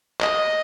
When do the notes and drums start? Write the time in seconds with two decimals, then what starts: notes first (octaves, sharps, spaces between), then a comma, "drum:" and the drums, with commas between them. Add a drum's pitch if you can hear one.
0.21 D#5, drum: clap